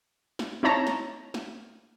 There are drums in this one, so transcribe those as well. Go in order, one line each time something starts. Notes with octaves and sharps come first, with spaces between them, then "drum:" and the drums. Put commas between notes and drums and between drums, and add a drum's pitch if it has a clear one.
drum: snare
C4 D#4 E4 C#5 A5 A#5
drum: snare
drum: snare